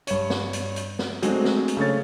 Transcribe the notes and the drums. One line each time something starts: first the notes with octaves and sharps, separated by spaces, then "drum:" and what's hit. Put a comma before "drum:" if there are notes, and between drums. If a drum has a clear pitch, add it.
G2 C#5, drum: hi-hat
drum: snare
drum: hi-hat
drum: hi-hat
drum: snare
F#3 G#3 A3 C4 D4, drum: hi-hat
drum: snare
drum: hi-hat
C#3 A3 C#5 A6